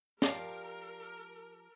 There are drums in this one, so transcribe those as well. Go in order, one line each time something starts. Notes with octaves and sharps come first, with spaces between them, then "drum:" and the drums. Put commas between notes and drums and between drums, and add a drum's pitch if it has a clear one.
F3 G4 A#4 D5 F5, drum: snare